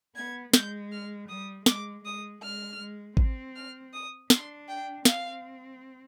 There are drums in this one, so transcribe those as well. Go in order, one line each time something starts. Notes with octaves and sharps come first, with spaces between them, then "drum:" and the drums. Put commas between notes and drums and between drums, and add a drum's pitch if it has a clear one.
B3 G#6
G#3 G6, drum: snare
F6
G3 D#6
G#3 D6, drum: snare
G#3 D#6
G#3 F6
G#3
C4, drum: kick A1
F6
D#6
D4 C6, drum: snare
G5
C4 F5, drum: snare